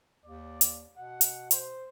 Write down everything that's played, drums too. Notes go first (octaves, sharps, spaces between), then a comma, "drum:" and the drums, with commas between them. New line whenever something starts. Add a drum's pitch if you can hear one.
D#2 D5
drum: hi-hat
B2 F#5
drum: hi-hat
C5, drum: hi-hat